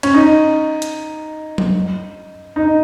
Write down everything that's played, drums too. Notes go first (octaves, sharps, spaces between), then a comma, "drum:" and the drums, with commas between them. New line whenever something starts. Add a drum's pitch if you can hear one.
C#4, drum: cymbal
D#4
drum: hi-hat
drum: tom F#3
D#4